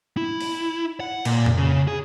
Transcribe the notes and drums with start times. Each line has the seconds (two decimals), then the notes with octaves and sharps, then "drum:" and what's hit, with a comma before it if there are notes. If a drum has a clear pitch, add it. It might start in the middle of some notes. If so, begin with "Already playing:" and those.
0.17 E4
0.41 drum: open hi-hat
1.00 F#5
1.25 A#2, drum: cymbal
1.46 drum: tom F2
1.57 C#3
1.88 G#4